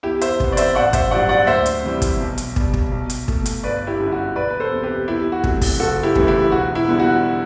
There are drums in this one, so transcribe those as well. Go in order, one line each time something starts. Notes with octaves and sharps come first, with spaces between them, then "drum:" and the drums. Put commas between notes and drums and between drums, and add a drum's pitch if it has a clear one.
E2 E4 G4
C5 E5, drum: hi-hat
C3 E3 B3, drum: kick
D5
C5 E5, drum: hi-hat
A1 D5 F#5
C5 E5, drum: kick, hi-hat
G2 F#3 D5 F#5
D5 F#5
D2 C5 E5
drum: hi-hat
C3 E3 G3
drum: kick, hi-hat
B1
drum: hi-hat
B2 G3, drum: kick
drum: kick
B1
drum: hi-hat
B2 A3, drum: kick
drum: hi-hat
G1 B4 D5
E4 G4
F#2 D3 G3
F#4
E1 B4 D5
B4
A4 C5
E2 C3
G4 B4
E2 E4 G4
F#4
C3 F#3 A3, drum: kick
drum: kick, open hi-hat
F#1 F#4 A4
E4 G4
F#2 E3 A3, drum: kick
E4 G4
E1 F#4
E4
E2 D3 G3 B3
F#4